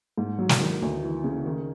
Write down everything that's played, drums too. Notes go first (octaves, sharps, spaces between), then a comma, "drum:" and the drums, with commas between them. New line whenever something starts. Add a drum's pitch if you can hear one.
G#2
F#3
drum: snare
D#3
D2
E3
C#3
D#3